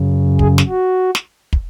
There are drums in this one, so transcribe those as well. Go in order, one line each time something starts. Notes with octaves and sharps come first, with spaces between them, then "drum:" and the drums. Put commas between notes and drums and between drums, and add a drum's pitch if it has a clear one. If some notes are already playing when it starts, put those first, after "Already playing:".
Already playing: F#2 C#3
G#4, drum: kick
drum: snare
F#4
drum: snare
drum: kick